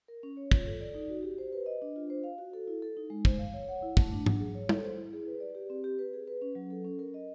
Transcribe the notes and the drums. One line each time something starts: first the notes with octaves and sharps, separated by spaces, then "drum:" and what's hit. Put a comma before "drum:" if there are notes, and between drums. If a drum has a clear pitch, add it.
A#4
C#4
C#5
F4, drum: kick
A4
D5
D#4
F#4
G4
C5
B4
D#5
D4
F4
C5
F5
F#4
A4
E4
A4
D#4
G#3
C5, drum: kick
F5
C#5
F#5
E4
A3, drum: kick
D4
F#3, drum: tom
G#4
C#5
A4, drum: tom
C5
E4
G#4
B4
D5
G4
C4
G4
B4
G#4
B4
C#4
F#3
A4
C#4
A#4
D#5